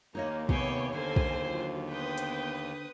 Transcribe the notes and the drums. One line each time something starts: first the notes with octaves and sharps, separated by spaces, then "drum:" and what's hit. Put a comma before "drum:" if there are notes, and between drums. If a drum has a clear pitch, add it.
D#2 A#3 D#4 C#5 D#5
C3 B3 G4 G#4 C#5 G5, drum: kick
D3 A4 A#4 C5 G#5
drum: kick
F#3 F4
B3 B4 C5 G5 D#6
drum: hi-hat